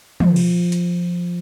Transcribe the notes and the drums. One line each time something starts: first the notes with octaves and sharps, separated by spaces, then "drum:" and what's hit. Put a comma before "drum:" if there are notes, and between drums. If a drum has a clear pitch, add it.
F3, drum: tom
drum: cymbal
drum: hi-hat